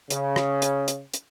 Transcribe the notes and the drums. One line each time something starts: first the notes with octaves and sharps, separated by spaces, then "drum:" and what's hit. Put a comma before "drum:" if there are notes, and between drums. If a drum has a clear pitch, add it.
C#3, drum: hi-hat
drum: rim click
drum: hi-hat
drum: hi-hat
drum: hi-hat